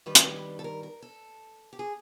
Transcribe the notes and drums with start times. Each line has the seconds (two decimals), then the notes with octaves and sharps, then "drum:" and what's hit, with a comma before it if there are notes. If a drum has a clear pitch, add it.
0.06 G2 D#3 G3 B4
0.15 drum: hi-hat
0.59 A4
0.64 A#4
0.83 A#4
1.02 A4
1.73 G4
1.79 G#4